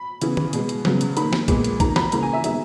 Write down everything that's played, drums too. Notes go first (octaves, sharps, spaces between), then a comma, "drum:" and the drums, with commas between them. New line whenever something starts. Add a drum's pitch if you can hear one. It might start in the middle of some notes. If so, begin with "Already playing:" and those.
Already playing: B5
C#3 E3 B3, drum: hi-hat
drum: tom
B2 G#3 B3, drum: hi-hat
drum: hi-hat
C#3 F#3 B3, drum: snare
drum: hi-hat
D#3 A#3 B5, drum: hi-hat
drum: snare
A#2 G#3 B3, drum: kick, hi-hat
drum: hi-hat
D#3 A#3 A#5, drum: kick, hi-hat
B5, drum: snare
C#3 E3 A#3 A#5, drum: hi-hat
G#5
E5
D#3 G#3 B3 E5, drum: hi-hat